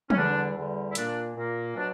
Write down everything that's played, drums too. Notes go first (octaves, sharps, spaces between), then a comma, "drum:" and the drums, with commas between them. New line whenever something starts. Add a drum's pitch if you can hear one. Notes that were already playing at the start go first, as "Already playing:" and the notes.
C#4, drum: tom
E2 D3 G3 D4
E2 D3 G3
E4
A#2 A#3 D4, drum: hi-hat
A#2 A#3
B2 F#3 D4